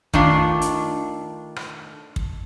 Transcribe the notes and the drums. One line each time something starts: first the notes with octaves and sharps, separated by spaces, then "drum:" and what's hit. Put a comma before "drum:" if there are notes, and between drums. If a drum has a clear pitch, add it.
D#3 A3 D4 F4, drum: kick
drum: hi-hat
drum: rim click
drum: kick